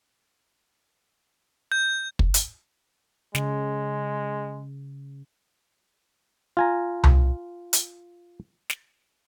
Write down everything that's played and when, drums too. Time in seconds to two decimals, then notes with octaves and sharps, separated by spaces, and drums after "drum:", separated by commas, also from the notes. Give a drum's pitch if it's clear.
1.72 G6
2.19 drum: kick
2.34 drum: hi-hat
3.35 C#3 G#3, drum: snare
6.57 F4 G#5 A#5
7.04 drum: tom C2
7.73 drum: hi-hat
8.70 drum: snare